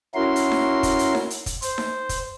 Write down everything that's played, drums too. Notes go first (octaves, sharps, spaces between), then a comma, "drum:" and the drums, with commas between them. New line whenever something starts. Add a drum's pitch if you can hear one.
C#4 E4 F#4 A#4 C6
drum: hi-hat
drum: snare D#4
drum: kick, hi-hat
drum: hi-hat
drum: snare D#4
drum: hi-hat
drum: kick, hi-hat
C5, drum: hi-hat
drum: snare D#4
drum: kick, hi-hat